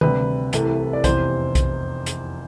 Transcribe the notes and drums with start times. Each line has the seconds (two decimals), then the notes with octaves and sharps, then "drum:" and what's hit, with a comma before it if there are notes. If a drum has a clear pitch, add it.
0.01 D2 C3 G3 B4, drum: tom D#3
0.53 C2 C3 E3 A3, drum: hi-hat
0.93 D5
1.04 F1 E2 C3 C5, drum: kick B1, hi-hat
1.55 drum: kick B1, hi-hat
2.06 drum: hi-hat